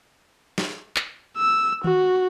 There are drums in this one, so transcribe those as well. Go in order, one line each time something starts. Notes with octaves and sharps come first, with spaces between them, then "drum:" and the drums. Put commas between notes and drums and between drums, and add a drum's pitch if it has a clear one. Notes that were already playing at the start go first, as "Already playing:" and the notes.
drum: snare
drum: clap
E6
F#4, drum: tom D#3